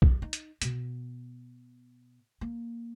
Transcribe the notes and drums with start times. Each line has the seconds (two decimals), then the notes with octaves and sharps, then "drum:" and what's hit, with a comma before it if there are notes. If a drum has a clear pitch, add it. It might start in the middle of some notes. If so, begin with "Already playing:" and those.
0.02 drum: kick
0.22 D#4
0.33 drum: hi-hat
0.62 B2 B3, drum: hi-hat
2.41 A#3